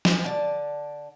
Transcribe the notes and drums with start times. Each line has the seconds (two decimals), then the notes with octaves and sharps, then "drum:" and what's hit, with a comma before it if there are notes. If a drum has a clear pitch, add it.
0.05 drum: snare
0.24 D3 D5 A5